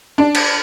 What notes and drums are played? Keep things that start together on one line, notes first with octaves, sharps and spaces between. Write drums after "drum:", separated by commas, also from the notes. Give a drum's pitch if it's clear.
D4
drum: cymbal